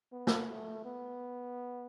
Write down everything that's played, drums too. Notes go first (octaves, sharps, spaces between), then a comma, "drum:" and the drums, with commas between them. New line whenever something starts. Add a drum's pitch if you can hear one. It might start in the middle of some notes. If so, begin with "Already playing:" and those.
B3
drum: snare
A3
B3